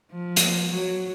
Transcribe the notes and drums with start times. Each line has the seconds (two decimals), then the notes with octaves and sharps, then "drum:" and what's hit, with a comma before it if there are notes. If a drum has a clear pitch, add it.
0.12 F3
0.36 drum: hi-hat
0.70 F#3